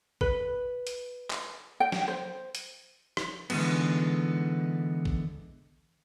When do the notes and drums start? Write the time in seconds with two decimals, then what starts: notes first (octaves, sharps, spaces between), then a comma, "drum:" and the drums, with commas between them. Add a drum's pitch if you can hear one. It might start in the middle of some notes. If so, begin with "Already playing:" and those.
0.21 B4, drum: kick A1
0.87 drum: hi-hat
1.31 drum: clap
1.80 G5
1.92 drum: snare
2.08 C5
2.55 drum: hi-hat
3.17 drum: rim click
3.50 D3 E3 F3 G#3 B3, drum: cymbal
5.05 drum: kick A1